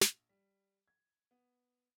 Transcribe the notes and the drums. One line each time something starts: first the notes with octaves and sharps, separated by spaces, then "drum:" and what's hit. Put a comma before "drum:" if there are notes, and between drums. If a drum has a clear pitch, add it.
A#1, drum: snare
G3
G#6
B3